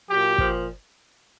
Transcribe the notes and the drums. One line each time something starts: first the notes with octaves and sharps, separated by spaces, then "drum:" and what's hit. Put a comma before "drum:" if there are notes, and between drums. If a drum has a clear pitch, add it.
A#2 F#3 G4
A#2 F3, drum: kick